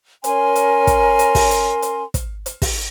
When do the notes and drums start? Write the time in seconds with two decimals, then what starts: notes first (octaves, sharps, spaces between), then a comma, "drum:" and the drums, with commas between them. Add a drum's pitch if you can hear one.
0.24 C#4 A#4 G#5 C6, drum: hi-hat
0.56 drum: hi-hat
0.87 drum: kick, hi-hat
1.19 drum: hi-hat
1.35 drum: kick, open hi-hat
1.51 drum: hi-hat
1.82 drum: hi-hat
2.14 drum: kick, hi-hat
2.46 drum: hi-hat
2.62 drum: kick, open hi-hat